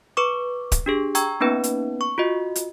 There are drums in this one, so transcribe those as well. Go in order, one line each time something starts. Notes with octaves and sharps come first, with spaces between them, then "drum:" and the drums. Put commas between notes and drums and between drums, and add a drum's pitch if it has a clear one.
B4 C#6 D6
drum: kick D1, hi-hat
D4 G4 G#4
G5 A#5 C#6 E6 G#6, drum: hi-hat
A#3 B3 C#4 D#4 B4
drum: hi-hat
C#6
F4 F#4 D#5
drum: hi-hat